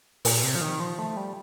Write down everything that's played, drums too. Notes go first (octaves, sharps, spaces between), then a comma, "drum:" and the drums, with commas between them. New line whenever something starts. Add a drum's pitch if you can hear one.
A#2, drum: open hi-hat
C3
F3
D#3
F3
A3
G3